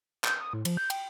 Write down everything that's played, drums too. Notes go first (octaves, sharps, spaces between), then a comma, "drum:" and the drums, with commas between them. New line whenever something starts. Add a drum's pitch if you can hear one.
G6, drum: clap
D#6
A2
F3, drum: cymbal
G6
G5, drum: cymbal